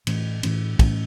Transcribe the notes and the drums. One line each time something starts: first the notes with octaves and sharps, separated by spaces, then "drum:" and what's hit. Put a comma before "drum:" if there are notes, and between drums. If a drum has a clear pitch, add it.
A2 E3 A3 C#4, drum: cymbal
A2 E3 A3 C#4, drum: cymbal
A2 E3 A3 C#4, drum: kick, cymbal